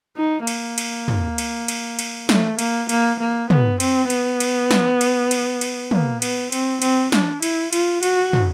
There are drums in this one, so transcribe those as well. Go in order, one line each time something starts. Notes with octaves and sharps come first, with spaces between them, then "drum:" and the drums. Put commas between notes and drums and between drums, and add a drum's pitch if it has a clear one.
D#4
A#3, drum: cymbal
drum: cymbal
drum: tom
drum: cymbal
drum: cymbal
drum: cymbal
A3, drum: snare
A#3, drum: cymbal
A#3, drum: cymbal
A#3
B3, drum: tom
C4, drum: cymbal
B3, drum: cymbal
drum: cymbal
drum: snare
drum: cymbal
drum: cymbal
drum: cymbal
A#3, drum: tom
B3, drum: cymbal
C4, drum: cymbal
C4, drum: cymbal
D4, drum: snare
E4, drum: cymbal
F4, drum: cymbal
F#4, drum: cymbal
drum: tom